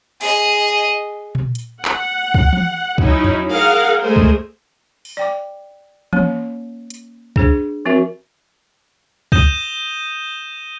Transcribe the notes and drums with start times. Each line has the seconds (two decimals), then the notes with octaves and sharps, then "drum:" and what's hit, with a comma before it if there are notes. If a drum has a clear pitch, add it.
0.21 G#4 D#5, drum: cymbal
1.35 drum: tom A#2
1.55 drum: hi-hat
1.85 F#5, drum: clap
2.34 drum: kick
2.53 drum: tom E3
2.98 F#3 C#4 D#4 E4, drum: kick
3.24 drum: tom E2
3.49 G#4 A#4 F5 F#5
4.01 G#3 A3 G#4 A#4 C5
4.16 drum: kick
5.05 drum: open hi-hat
5.17 D5 G5 D6
6.13 A#3 C#4 C#5, drum: tom E3
6.90 drum: hi-hat
7.36 D4 G#4 C5, drum: kick
7.85 F3 C4 F#4 A#4 E5
9.32 D#6 G6 A#6 D#7 E7 G7, drum: kick